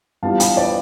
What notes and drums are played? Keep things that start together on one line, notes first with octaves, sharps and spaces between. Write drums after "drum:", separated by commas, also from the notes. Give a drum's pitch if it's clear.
G2 E3 B3 D4 F4 F5 A5
G5 B5, drum: hi-hat
B4 D5